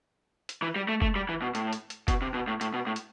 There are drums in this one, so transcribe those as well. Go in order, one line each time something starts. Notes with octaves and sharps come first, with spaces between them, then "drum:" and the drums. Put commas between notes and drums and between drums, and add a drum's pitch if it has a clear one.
drum: hi-hat
E3
G3
A3
A3, drum: kick
G3
E3
B2
A2, drum: hi-hat
drum: hi-hat
drum: hi-hat
B2, drum: kick, hi-hat
C3
B2
A2
A2, drum: hi-hat
B2
A2
drum: hi-hat